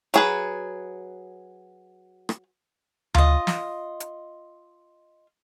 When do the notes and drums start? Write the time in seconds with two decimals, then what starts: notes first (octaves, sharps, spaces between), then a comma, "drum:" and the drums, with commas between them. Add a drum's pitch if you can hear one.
0.14 F#3 G#4 B4, drum: hi-hat
2.29 drum: rim click
3.14 F4 D#5, drum: tom D2
3.47 drum: snare
4.00 drum: hi-hat